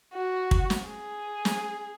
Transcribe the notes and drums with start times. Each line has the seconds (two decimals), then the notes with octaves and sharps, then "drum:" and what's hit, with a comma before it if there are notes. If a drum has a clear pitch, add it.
0.14 F#4
0.51 drum: kick
0.70 drum: snare
0.89 G#4
1.45 drum: snare